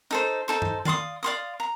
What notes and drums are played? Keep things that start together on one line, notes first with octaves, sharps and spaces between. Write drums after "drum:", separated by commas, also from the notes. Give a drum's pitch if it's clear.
D#4 A4 C5
D#4 A4 C5
drum: tom G2
D5 F5 C6 D#6, drum: tom D#3
D5 F5 C6 D#6
A#5